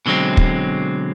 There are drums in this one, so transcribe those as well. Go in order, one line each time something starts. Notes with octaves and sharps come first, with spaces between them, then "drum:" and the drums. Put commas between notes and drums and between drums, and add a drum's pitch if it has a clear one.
B2 D3 F#3 G#3 C4
drum: kick